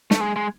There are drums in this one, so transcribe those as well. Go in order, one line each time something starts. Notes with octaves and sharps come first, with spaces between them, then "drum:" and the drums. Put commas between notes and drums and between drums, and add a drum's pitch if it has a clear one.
A3, drum: snare
G#3
G#3